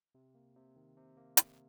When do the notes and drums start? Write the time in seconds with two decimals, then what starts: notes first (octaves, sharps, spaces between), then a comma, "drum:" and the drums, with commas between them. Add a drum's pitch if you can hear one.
0.15 C3
0.35 A#3
0.55 C3
0.76 D#3
0.97 C3
1.17 A#3
1.37 C3, drum: hi-hat